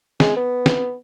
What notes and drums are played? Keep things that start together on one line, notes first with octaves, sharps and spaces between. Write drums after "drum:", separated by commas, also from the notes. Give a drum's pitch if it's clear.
G#3, drum: snare
B3
drum: snare